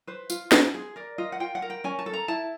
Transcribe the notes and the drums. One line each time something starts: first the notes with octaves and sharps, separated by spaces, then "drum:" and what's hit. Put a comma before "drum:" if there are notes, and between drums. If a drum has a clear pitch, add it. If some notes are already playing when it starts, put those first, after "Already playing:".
B4 C5
F4, drum: tambourine
F4, drum: snare
G#4
A#4 D5
F4 D#5
F#5
F4 G5
F#5
A#4
G5
C#4 G#5
A5
A4
A#5
E4 A5